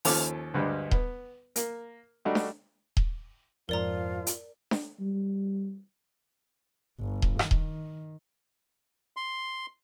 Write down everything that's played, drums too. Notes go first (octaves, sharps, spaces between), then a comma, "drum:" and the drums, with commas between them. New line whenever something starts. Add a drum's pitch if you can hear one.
D#2 F3 C#4 A4 D6 F6, drum: open hi-hat
D2 G2 G3 G#3
B3, drum: kick D#1
A#3, drum: hi-hat
G3 A3 D4 D#4 F#4 G4
drum: snare D4
drum: kick D#1
F2 G#2 F3 F4 A#4 D5 A#5
drum: hi-hat
drum: snare D4
G3
G1
drum: kick D#1
D#3, drum: rim click
drum: kick D#1
C6